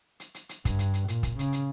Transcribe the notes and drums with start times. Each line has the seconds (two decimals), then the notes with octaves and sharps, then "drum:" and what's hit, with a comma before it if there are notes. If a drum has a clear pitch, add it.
0.20 drum: hi-hat
0.34 drum: hi-hat
0.49 drum: hi-hat
0.65 G2, drum: kick, hi-hat
0.79 drum: hi-hat
0.93 drum: hi-hat
1.08 A#2, drum: hi-hat
1.23 drum: kick, hi-hat
1.39 C#3, drum: hi-hat
1.52 drum: hi-hat